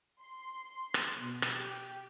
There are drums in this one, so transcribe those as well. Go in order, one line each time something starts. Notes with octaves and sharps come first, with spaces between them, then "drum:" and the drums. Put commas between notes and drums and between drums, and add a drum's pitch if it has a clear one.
C6
drum: rim click
B2
drum: rim click
G4